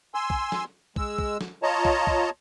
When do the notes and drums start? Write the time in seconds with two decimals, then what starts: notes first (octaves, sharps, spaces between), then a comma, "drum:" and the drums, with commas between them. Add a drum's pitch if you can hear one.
0.14 G#5 C6 E6
0.30 drum: kick
0.52 drum: snare
0.96 G#3 E6, drum: kick
1.18 drum: kick
1.41 drum: snare
1.63 F4 C#5 D#5 A5 A#5
1.85 drum: kick
2.07 drum: kick